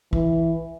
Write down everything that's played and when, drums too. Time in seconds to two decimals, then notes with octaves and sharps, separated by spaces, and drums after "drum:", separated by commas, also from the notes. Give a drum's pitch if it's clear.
0.13 E3, drum: kick